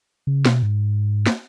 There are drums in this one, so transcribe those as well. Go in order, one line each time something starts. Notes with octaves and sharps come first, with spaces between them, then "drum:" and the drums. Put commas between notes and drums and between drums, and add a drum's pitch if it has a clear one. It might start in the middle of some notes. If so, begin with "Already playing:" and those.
C#3
B2, drum: snare
G#2
drum: snare